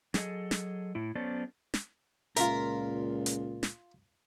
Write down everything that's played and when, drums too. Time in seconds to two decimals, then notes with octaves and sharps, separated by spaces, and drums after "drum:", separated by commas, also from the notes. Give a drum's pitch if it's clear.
0.14 F#3 G#4 A4 D#5, drum: snare
0.51 drum: snare
0.95 A2 E4
1.15 F#3 B3 C#4 A4 C5 D5
1.74 drum: snare
2.36 C#2 A#2 F4 A#4 E5, drum: hi-hat
3.26 drum: hi-hat
3.63 drum: snare